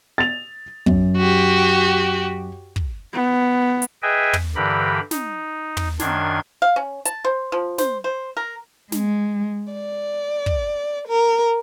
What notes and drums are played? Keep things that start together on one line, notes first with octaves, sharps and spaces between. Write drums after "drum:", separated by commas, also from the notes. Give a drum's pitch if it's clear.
A6 F7
F#2, drum: kick
F#4 G4
drum: kick
B3
drum: hi-hat
G#4 B4 D#5 E5 G5 G#5
drum: tom
G2 D3 E3 G4 A#4 B5
D#4, drum: snare
drum: tom
F#2 D#3 D4 C6 G#6, drum: snare
F5
C#4
A5, drum: hi-hat
C5
F3
C5, drum: snare
C5
A#4
G#3, drum: snare
D5
drum: kick
A#4